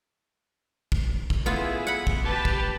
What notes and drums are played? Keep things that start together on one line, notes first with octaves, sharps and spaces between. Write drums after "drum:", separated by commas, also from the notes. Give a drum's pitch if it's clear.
drum: kick
drum: kick
B3 E4 F4 G#4
F#5 B5
drum: kick
G4 B4 A5
drum: kick